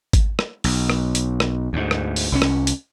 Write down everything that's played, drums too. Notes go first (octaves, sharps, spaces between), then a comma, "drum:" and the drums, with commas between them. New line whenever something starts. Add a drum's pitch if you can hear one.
drum: kick G#1, hi-hat
drum: rim click
B1, drum: open hi-hat
drum: rim click
drum: hi-hat
drum: rim click
D2 G#2
drum: rim click
drum: open hi-hat
C2 F3 C#4
drum: rim click
drum: hi-hat